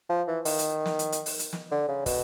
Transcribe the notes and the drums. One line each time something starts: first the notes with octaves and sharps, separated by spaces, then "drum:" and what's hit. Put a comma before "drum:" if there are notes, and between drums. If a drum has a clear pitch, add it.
F3
E3
D#3, drum: open hi-hat
drum: hi-hat
drum: snare
drum: hi-hat
drum: hi-hat
drum: open hi-hat
drum: hi-hat
drum: snare
D3
C#3
B2, drum: kick, open hi-hat